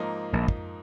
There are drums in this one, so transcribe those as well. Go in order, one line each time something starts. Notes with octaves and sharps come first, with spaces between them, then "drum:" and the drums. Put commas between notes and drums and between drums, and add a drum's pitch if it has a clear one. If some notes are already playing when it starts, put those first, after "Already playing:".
Already playing: G#2 F3 A#3 D#4
A#1 A#2
drum: kick